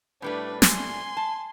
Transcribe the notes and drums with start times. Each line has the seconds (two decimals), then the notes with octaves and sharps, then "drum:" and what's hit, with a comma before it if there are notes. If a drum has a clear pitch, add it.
0.22 A2 G3 A3 D4 B4
0.62 G#5 C6, drum: snare
1.17 A5